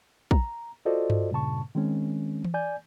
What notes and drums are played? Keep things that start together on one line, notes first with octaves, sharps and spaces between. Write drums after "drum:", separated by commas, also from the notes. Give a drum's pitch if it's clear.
A#5, drum: kick
F4 F#4 A4 C5 D5 D#5
drum: tom G2
G2 A#2 C#3 A5 C#6
D#3 G#3 C4 C#4
drum: tom E3
D5 G#5 G6